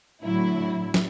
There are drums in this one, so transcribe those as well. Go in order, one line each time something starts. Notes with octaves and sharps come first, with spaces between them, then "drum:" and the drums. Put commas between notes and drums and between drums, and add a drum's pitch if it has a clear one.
A2 D3 F#3 E4
drum: snare